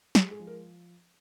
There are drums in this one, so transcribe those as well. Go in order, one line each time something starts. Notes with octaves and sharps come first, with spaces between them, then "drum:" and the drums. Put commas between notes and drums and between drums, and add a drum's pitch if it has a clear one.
G#3 G4, drum: snare
G#4
F3
A#4